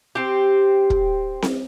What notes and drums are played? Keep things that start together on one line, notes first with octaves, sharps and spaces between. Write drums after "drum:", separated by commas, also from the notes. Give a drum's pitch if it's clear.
C4 G4
drum: kick
drum: snare C4